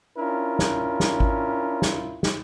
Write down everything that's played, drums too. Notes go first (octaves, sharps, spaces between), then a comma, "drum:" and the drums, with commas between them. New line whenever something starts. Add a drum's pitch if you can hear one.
C#4 D4 E4 F4 A#4
drum: snare
drum: snare
drum: kick G#1
drum: snare
drum: snare